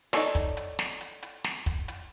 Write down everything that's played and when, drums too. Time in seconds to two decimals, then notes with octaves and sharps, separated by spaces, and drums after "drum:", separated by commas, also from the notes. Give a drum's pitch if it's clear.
0.13 D#4 G#4 A4 C#5 D5, drum: snare
0.35 drum: kick, hi-hat
0.57 drum: hi-hat
0.79 drum: snare
1.01 drum: hi-hat
1.23 drum: hi-hat
1.44 drum: snare
1.66 drum: kick, hi-hat
1.88 drum: hi-hat